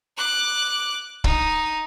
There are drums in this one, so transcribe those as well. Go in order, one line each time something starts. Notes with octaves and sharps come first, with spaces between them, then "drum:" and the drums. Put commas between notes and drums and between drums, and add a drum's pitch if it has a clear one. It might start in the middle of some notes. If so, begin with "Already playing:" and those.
D6 F#6
D#4, drum: kick